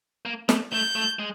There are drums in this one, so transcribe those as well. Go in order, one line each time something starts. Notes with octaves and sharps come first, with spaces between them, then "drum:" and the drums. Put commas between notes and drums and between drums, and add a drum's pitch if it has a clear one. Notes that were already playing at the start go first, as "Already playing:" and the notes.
A#3
A3, drum: snare
A3 G6
A3
G#3